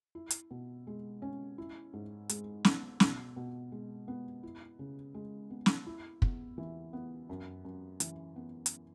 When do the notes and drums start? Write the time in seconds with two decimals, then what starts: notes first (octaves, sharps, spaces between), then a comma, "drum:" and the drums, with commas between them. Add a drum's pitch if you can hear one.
0.15 E4
0.30 drum: hi-hat
0.51 B2
0.87 G#3
1.22 C#4
1.58 E4
1.93 G#2
2.29 G#3, drum: hi-hat
2.65 B3, drum: snare
3.00 B2, drum: snare
3.36 B2
3.72 G#3
4.08 B3
4.43 E4
4.79 C#3
5.14 G#3
5.50 B3
5.66 drum: snare
5.86 E4
6.22 E2, drum: kick
6.58 E3
6.93 B3
7.29 F#2
7.65 F#2
8.00 E3, drum: hi-hat
8.36 B3
8.66 drum: hi-hat